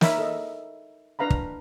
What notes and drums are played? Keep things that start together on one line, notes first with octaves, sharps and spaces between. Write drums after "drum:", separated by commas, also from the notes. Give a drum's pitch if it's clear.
D#4 A#4 C#5 E5 B5, drum: snare
A4 D#5
D4 B4 F5 A#5 B5
drum: kick